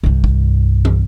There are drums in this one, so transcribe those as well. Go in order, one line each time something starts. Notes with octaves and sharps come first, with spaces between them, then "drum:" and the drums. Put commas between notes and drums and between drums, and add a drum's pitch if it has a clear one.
C2 G2
drum: kick
drum: tom